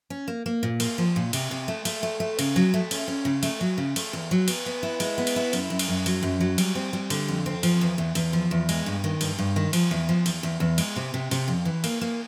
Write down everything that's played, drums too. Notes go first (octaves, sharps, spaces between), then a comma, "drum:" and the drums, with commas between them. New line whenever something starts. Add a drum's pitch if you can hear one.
C#4
A#3
A#3
A#2
A#3, drum: cymbal
F3
A#2
C3, drum: cymbal
C3
A3
A3, drum: cymbal
A3
A3
C#3, drum: cymbal
F#3
A3
C#4, drum: cymbal
C#4
C#3
A3, drum: cymbal
F#3
C#3
A3, drum: cymbal
E2
F#3
B3, drum: cymbal
B3
E4
G#3, drum: cymbal
B3
drum: cymbal
E4
F#2, drum: cymbal
F#2
drum: cymbal
F#2
F#3, drum: cymbal
F#2
F#3
G3, drum: cymbal
C4
G3
D3, drum: cymbal
F2
C4
F3, drum: cymbal
E2
E2
E2, drum: cymbal
F3
E2
G#3, drum: cymbal
G2
D#3
G2, drum: cymbal
G2
D#3
F3, drum: cymbal
E2
F3
E2, drum: cymbal
E2
E2
G#3, drum: cymbal
C3
C3
C3, drum: cymbal
F2
E3
A#3, drum: cymbal
A#3